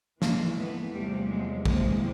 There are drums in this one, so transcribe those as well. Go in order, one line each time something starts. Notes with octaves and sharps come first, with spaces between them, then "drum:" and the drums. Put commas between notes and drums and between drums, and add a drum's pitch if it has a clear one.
G#2 E3 G#3 A#3, drum: snare
A3 B3
E2 C3 F3 G3 A3
F#3 G#3
E2 C3 F3 G#3 A#3, drum: kick